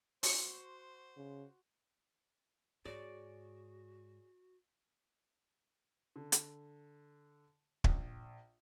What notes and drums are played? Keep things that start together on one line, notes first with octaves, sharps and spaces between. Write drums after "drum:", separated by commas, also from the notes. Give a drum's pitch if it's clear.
F#4 C5 C6 C#6, drum: open hi-hat
C#3
G#2 F#4 G#4 C#5 D5
D3
drum: hi-hat
A#1, drum: kick